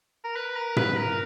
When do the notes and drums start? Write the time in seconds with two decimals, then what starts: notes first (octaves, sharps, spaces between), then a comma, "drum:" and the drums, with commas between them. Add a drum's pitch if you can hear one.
0.24 A#4
0.35 B4
0.56 A#4
0.76 B4, drum: tom
0.97 A#4